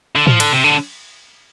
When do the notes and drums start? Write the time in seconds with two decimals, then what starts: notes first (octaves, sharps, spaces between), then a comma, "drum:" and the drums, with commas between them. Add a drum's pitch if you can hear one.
0.15 D3
0.27 F3, drum: tom
0.40 D3, drum: cymbal
0.53 C3
0.64 D3